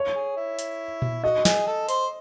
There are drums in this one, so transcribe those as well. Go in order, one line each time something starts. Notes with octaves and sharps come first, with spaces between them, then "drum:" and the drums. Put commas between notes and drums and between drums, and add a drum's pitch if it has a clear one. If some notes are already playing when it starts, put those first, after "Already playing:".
Already playing: C#5
G#4
E4
drum: hi-hat
drum: tom A#2
F#4 D#5
G#4, drum: snare
A4
C5, drum: hi-hat